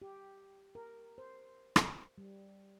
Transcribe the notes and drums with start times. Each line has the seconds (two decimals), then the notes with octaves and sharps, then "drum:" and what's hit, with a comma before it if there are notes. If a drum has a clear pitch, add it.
0.02 G4
0.75 A#4
1.18 C5
1.76 drum: rim click
2.18 G3